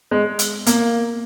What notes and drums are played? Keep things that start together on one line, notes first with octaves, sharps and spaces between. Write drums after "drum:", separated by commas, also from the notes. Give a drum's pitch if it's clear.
G#3
drum: hi-hat
A#3, drum: hi-hat